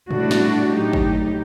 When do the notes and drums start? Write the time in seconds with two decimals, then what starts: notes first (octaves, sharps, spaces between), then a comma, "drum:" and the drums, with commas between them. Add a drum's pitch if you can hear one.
0.11 A2 G3 D4 F#4, drum: tom
0.31 drum: snare
0.72 A2 F#3 D#4 G4
0.93 drum: kick G#1